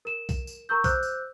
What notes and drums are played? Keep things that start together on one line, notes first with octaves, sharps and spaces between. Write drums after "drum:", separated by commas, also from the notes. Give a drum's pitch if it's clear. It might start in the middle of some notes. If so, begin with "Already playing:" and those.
A#4 E7
drum: kick B1, tambourine
drum: tambourine
A#4 A#5 C#6 E6 G6
C5 D6 E6 F#6 G6, drum: kick B1, tambourine
drum: tambourine